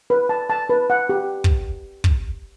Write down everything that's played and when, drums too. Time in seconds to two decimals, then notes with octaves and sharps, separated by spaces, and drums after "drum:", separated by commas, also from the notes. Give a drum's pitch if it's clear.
0.10 B4
0.29 A5
0.50 A5
0.70 B4
0.90 F#5
1.09 G4
1.44 drum: kick
2.04 drum: kick